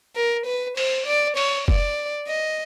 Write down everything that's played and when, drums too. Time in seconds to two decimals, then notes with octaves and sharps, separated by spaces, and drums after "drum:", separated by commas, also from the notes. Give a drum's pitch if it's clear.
0.16 A#4
0.46 B4
0.77 C5, drum: open hi-hat
1.07 D5
1.37 C#5, drum: open hi-hat
1.68 D5, drum: kick F1
2.28 D#5